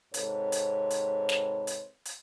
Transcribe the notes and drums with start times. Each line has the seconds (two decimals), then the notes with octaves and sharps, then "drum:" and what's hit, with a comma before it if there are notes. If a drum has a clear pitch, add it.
0.14 G#2 C3 C4 A4 B4 C#5, drum: hi-hat
0.52 drum: hi-hat
0.90 drum: hi-hat
1.29 drum: snare
1.67 drum: hi-hat
2.05 drum: hi-hat